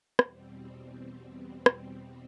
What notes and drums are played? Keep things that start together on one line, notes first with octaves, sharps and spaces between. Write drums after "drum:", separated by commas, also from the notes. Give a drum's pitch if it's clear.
E2 B2 G3 C4, drum: rim click
drum: rim click